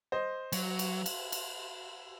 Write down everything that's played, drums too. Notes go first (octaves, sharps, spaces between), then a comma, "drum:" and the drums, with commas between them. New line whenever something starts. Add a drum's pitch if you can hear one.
C5 D#5
F#3, drum: cymbal
drum: cymbal
drum: cymbal
drum: cymbal